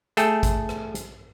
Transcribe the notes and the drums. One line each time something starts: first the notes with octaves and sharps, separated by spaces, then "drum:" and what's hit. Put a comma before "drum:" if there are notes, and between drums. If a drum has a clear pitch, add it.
A3 G#4 A4 G5, drum: hi-hat
drum: kick G#1, hi-hat
drum: rim click
drum: hi-hat